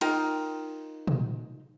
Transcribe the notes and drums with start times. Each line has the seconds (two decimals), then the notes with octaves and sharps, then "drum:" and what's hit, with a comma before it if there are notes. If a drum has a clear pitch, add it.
0.01 D#4 F4 A#4 G5, drum: cymbal
1.07 drum: tom A#2